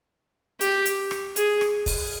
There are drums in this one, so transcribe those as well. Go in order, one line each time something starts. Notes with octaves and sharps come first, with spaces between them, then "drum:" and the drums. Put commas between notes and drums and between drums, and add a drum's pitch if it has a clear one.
G4, drum: hi-hat
drum: hi-hat
drum: rim click
G#4, drum: hi-hat
drum: rim click
drum: kick, open hi-hat